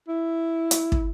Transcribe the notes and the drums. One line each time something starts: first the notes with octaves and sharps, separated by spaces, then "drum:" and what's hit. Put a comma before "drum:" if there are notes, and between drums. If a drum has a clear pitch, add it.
E4
drum: hi-hat
drum: kick